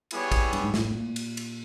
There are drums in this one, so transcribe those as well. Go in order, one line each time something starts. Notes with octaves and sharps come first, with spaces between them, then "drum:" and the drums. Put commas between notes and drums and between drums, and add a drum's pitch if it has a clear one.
G3 B3 E4 G#4 C#5, drum: cymbal
drum: kick, cymbal
G2, drum: cymbal
G#2
A2, drum: snare
A2
A#2
drum: cymbal
drum: cymbal